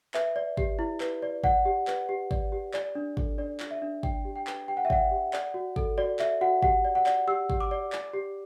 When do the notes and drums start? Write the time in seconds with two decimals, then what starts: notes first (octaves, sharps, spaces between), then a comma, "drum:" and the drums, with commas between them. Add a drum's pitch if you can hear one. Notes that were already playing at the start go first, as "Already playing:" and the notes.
0.14 B4 E5, drum: clap
0.36 D5
0.57 G4, drum: kick
0.79 E4
1.00 B4, drum: clap
1.22 D5
1.44 D5 F#5, drum: kick
1.65 G4
1.87 B4, drum: clap
2.09 G4
2.31 D5, drum: kick
2.52 G4
2.74 D5, drum: clap
2.95 D4
3.17 A4, drum: kick
3.38 D4 D5
3.60 D5, drum: clap
3.71 E5
3.82 D4
4.03 D5 G5, drum: kick
4.25 G4
4.36 G5
4.47 B4, drum: clap
4.68 G4 G5
4.77 F#5
4.85 E5
4.90 D5 F#5, drum: kick
5.11 G4
5.33 D5, drum: clap
5.54 F#4
5.76 A4, drum: kick
5.98 F#4 D5
6.19 D5 E5, drum: clap
6.41 F#4 F#5
6.62 G4 F#5, drum: kick
6.85 D5
6.95 F#5
7.06 D5, drum: clap
7.28 G4 E6
7.50 G4, drum: kick
7.60 D6
7.71 D5
7.92 D5, drum: clap
8.14 G4